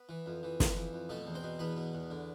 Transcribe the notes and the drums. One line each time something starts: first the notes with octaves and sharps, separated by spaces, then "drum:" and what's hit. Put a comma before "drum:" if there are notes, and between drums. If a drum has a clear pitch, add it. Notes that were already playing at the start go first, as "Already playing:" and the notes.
Already playing: B3 B4
E3
F2
E3
F2, drum: snare
E3
F2
B2 A3 A4
E2
C4 C5
B2
E2 B3 B4
B2
E2
D3